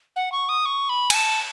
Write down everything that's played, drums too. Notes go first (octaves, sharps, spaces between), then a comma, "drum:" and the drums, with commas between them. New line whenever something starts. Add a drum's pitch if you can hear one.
F#5
C#6
D#6
C#6
B5
G#5, drum: cymbal
A5